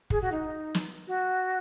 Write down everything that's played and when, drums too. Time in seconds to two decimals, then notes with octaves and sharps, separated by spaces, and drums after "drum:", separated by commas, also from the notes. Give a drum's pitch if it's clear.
0.10 G#4, drum: kick
0.21 F#4
0.31 D#4
0.75 drum: snare
1.07 F#4